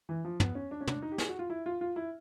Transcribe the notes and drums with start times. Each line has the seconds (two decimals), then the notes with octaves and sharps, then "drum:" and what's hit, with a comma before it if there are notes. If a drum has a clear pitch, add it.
0.09 E3
0.25 F3
0.40 B3, drum: tom
0.55 C#4
0.71 D4
0.81 C#4
0.87 D4, drum: tom
1.02 D#4
1.12 G4
1.18 G#4, drum: snare
1.29 F#4
1.39 F4
1.50 E4
1.66 F4
1.81 F4
1.96 E4